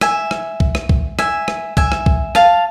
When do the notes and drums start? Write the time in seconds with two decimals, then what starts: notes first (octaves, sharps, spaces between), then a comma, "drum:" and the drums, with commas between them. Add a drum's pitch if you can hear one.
0.01 E5 G#5, drum: rim click
0.31 drum: rim click
0.60 drum: kick B1
0.75 drum: rim click
0.89 drum: kick B1
1.19 E5 G#5, drum: rim click
1.48 drum: rim click
1.77 E5 G#5, drum: kick B1
1.92 drum: rim click
2.06 drum: kick B1
2.35 F5 A5, drum: rim click